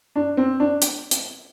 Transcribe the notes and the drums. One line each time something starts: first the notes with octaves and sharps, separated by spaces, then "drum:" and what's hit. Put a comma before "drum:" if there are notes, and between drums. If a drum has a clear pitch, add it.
D4
C4
D4
drum: hi-hat
drum: hi-hat